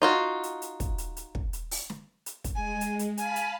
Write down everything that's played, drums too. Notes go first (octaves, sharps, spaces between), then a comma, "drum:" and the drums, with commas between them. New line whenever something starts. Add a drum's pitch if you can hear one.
D#4 F4 F#4
drum: hi-hat
drum: hi-hat
drum: kick, hi-hat
drum: hi-hat
drum: hi-hat
drum: kick
drum: hi-hat
drum: open hi-hat
drum: snare
drum: hi-hat
drum: kick, hi-hat
G#3 G#5
drum: hi-hat
drum: hi-hat
F5 G#5 A5 B5, drum: hi-hat
drum: hi-hat